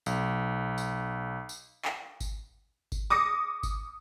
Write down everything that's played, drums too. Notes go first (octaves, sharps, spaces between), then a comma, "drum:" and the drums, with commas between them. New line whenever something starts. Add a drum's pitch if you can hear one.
B1, drum: tambourine
drum: tambourine
drum: tambourine
drum: clap
drum: kick G1, tambourine
drum: kick G1, tambourine
D6 D#6 A#6 C#7
drum: kick G1, tambourine